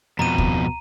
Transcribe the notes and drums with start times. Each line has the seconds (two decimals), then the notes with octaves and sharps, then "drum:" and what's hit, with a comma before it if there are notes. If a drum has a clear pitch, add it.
0.19 F2 B2 A#5 D#7
0.38 drum: kick D2